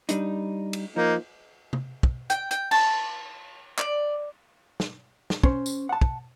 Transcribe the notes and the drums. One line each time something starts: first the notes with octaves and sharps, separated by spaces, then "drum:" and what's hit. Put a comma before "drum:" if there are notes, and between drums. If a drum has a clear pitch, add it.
G3 D4 D#4, drum: hi-hat
drum: cymbal
F3 A#3 D#4
drum: tom C3
drum: kick
G5, drum: hi-hat
G5, drum: hi-hat
A5, drum: cymbal
D5, drum: clap
drum: snare
drum: snare
C#4 C5, drum: kick
drum: tambourine
F#5 A5
drum: kick